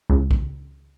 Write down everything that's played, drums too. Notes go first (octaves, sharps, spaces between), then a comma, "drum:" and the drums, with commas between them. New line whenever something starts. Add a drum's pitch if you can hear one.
C#2
drum: kick A#1